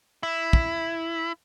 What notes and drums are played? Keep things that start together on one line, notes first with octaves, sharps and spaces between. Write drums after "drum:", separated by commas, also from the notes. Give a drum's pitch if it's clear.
E4
drum: kick